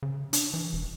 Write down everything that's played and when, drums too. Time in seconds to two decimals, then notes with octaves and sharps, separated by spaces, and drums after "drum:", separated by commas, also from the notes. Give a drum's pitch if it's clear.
0.03 C#3
0.33 D4, drum: hi-hat
0.54 E3
0.73 E1